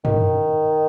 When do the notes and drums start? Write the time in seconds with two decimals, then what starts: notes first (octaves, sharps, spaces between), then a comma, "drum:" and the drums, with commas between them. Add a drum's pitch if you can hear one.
0.05 D#3, drum: tom